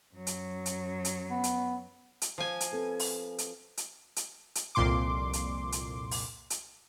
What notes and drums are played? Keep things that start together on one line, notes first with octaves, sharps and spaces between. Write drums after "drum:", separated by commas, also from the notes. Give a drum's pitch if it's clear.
F#2 F#3
drum: hi-hat
drum: hi-hat
drum: hi-hat
B3
drum: hi-hat
drum: hi-hat
F3 G#5
drum: hi-hat
C4 A4 B4
drum: open hi-hat
drum: hi-hat
drum: hi-hat
drum: hi-hat
drum: hi-hat
C2 F2 A#2 C6 D6
drum: hi-hat
drum: hi-hat
drum: open hi-hat
drum: hi-hat